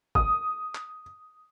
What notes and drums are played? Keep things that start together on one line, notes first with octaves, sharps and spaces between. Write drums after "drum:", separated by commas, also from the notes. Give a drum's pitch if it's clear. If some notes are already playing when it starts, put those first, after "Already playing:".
D#6, drum: kick
drum: clap